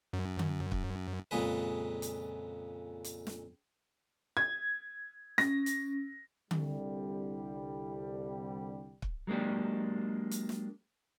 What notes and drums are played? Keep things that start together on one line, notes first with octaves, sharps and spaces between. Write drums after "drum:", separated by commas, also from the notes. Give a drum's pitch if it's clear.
F#2
drum: tom D3
drum: kick
F2 A#2 C#3 G#3 G#4 B4
drum: hi-hat
drum: hi-hat
drum: snare
G#6
C#4 A#6, drum: snare
drum: hi-hat
C2 D3 G3, drum: tom D3
drum: kick
F#3 G#3 A#3 D4 G4
drum: hi-hat
drum: snare